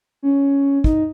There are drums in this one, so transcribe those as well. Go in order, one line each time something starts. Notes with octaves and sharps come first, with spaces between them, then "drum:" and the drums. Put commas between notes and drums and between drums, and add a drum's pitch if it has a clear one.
C#4
D#4, drum: kick